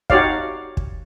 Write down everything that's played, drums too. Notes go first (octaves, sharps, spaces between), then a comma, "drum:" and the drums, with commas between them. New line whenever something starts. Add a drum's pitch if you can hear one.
D#4 F#4 G4 C#5 D5 F5, drum: kick
drum: kick